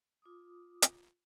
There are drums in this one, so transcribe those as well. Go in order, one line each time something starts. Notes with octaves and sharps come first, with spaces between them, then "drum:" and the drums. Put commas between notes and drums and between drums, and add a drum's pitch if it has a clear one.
F4 D6 D#6
drum: hi-hat